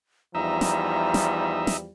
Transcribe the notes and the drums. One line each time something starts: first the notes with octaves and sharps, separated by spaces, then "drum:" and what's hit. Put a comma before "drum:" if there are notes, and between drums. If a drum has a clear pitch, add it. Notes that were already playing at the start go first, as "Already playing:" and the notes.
E2 F3 G3 D#4 E5 A#5
drum: snare
drum: snare
drum: snare